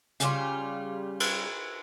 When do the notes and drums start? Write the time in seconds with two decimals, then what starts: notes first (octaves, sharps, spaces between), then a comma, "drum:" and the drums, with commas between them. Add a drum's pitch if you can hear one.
0.20 C#3 G3 F4, drum: hi-hat
1.20 drum: cymbal